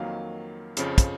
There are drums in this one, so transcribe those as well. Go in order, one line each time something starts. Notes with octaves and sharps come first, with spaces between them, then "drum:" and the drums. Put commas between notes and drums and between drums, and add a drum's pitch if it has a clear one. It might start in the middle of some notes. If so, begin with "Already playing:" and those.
Already playing: F2 D#3 F#3 A#3 F5
F2 C#3 F3, drum: hi-hat
drum: kick, hi-hat